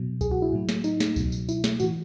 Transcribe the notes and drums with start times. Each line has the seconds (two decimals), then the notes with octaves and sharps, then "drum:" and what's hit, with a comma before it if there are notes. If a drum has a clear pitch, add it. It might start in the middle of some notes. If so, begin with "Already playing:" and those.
Already playing: B2 F#3
0.21 G#4, drum: kick C#2, tambourine
0.31 F#4
0.42 E4
0.52 A2 F#3
0.69 drum: snare
0.84 D#4, drum: tambourine
1.00 drum: snare
1.16 B2 F#3, drum: kick C#2, tambourine
1.32 drum: tambourine
1.49 E4, drum: tambourine
1.64 drum: snare
1.80 A2 E3 F#4, drum: tambourine